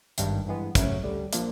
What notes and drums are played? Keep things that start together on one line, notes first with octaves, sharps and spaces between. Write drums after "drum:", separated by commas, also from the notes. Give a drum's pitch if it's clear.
G#1 G2 D#3, drum: hi-hat
G2 E3 G#3 B3
F#2 C#3 F#3 A3, drum: kick, hi-hat
D2 D3 G3
A#2 F3 A#3 D4, drum: hi-hat